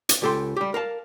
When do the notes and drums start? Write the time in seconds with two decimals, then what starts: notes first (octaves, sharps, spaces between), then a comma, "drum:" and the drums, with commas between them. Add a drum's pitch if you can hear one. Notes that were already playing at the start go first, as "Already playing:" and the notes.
0.09 drum: hi-hat
0.22 C#2 G4 A4 G5 C6
0.56 G3 G4
0.74 A#4 F5 A5